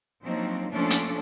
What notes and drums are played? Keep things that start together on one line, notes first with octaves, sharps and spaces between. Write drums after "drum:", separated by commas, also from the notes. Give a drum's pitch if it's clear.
F3 F#3 A#3 C4 D4 D#4
F3 A3 A#3 C#4 D4 A4
drum: hi-hat